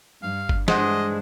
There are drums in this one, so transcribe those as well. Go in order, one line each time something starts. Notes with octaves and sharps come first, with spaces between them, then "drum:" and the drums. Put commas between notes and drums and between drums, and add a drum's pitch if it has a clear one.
G2 F5
drum: kick G1
G2 E3 G#3 D4 C5 D#5 F#5, drum: snare